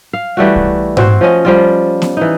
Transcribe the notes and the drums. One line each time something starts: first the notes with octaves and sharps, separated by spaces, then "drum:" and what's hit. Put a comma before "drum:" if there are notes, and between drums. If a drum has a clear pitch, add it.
F5
E3 G3 A3 F#4
drum: kick
C4 F#4 C5, drum: tom G#2
F3 C#4 D#5
F3 G3 F4
drum: snare B3
E3 D#4